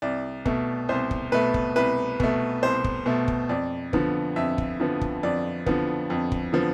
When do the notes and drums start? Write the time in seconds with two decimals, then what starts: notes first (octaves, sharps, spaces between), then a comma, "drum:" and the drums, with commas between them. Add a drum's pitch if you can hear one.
0.02 C2 D5
0.46 B2 A3, drum: kick
0.89 C2 C5
1.11 drum: kick
1.32 B2 A3 B4
1.54 drum: kick
1.76 C2 B4
2.20 B2 A3, drum: kick
2.63 C2 C5
2.84 drum: kick
3.06 B2 A3
3.28 drum: kick
3.49 F2 D5
3.93 D3 F3 B3, drum: kick
4.36 F2 E5
4.58 drum: kick
4.80 D3 F3 B3
5.01 drum: kick
5.23 F2 D5
5.66 D3 F3 B3, drum: kick
6.10 F2
6.32 drum: kick
6.53 D3 F3 B3